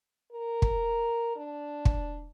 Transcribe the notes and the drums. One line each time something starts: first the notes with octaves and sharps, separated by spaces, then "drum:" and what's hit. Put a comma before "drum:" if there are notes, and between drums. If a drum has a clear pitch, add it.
A#4
drum: kick
D4
drum: kick